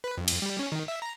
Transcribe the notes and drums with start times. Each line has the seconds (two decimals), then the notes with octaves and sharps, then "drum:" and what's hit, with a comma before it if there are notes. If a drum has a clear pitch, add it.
0.04 B4
0.17 F2
0.28 drum: cymbal
0.42 G3
0.59 C#4
0.72 D#3
0.88 E5
1.02 A#5